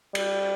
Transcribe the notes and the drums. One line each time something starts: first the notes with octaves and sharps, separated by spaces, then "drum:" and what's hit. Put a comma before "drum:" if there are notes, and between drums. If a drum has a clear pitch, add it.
G3, drum: cymbal